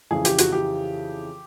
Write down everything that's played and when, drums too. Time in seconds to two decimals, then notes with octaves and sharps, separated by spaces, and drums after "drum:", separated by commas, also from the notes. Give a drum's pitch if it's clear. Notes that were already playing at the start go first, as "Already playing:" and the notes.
0.11 F2 C#3 E3 G#4
0.25 G4, drum: hi-hat
0.38 F#4, drum: hi-hat
0.52 G4